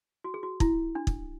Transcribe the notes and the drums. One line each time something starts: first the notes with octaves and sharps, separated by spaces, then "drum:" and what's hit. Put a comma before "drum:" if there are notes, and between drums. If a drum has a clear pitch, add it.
F#4
G#4
F#4
E4, drum: kick
D4
drum: kick